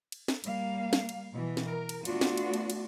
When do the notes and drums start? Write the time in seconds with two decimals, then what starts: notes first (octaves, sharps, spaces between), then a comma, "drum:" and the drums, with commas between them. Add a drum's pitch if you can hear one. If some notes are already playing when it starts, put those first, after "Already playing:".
0.12 drum: cymbal
0.28 drum: snare
0.44 G3 A#3 F5, drum: cymbal
0.93 drum: snare
1.09 drum: cymbal
1.33 B2 E3
1.57 drum: snare
1.66 A#4
1.89 drum: cymbal
2.05 A3 B3 D4 F4 F#4, drum: cymbal
2.21 drum: snare
2.37 drum: cymbal
2.54 drum: cymbal
2.70 drum: cymbal